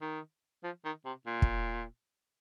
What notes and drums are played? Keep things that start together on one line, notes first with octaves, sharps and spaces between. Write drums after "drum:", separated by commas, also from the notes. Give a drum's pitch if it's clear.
D#3
F3
D#3
C3
A#2
drum: kick